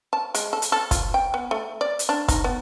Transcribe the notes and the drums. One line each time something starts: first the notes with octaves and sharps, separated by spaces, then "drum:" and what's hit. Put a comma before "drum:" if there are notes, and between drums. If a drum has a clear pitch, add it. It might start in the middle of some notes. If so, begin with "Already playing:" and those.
A5
G#3, drum: hi-hat
A4
drum: hi-hat
A4
F4, drum: kick, hi-hat
G5
B3
A3
D5
drum: hi-hat
D4
D#4, drum: kick, hi-hat
B3